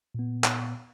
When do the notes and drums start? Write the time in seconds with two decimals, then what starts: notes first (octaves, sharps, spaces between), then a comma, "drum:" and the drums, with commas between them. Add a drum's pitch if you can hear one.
0.15 A#2 B3
0.44 drum: clap